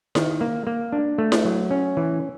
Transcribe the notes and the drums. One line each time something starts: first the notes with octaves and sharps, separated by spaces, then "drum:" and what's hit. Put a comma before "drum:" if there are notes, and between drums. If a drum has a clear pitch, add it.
D#3, drum: snare E4
A#3
A#3
D4
A3
drum: snare E4
F#3
C#4
E3